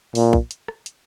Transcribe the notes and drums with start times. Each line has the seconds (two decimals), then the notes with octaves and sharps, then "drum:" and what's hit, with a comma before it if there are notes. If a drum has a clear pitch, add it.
0.15 A#2, drum: open hi-hat
0.33 drum: kick
0.51 drum: hi-hat
0.68 drum: rim click
0.86 drum: hi-hat